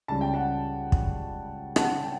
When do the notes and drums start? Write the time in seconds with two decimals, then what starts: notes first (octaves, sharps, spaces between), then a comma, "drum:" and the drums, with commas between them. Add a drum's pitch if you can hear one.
0.08 C#2 C#3 G3 C#4 A5
0.21 G5
0.34 F#5 A5
0.92 drum: kick
1.76 F#5 A5, drum: rim click
2.04 G5